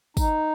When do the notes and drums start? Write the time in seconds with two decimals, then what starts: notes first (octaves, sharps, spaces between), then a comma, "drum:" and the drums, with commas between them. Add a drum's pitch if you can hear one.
0.17 D#4, drum: kick, tambourine